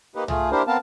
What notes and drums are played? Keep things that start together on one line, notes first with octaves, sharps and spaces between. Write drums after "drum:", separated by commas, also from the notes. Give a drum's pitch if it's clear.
A#3 D#4 G4 B4
A3 F4 G#4, drum: tom
A#3 D4 E4 G4 A#4 C5
B3 C4 A#4 F5 A5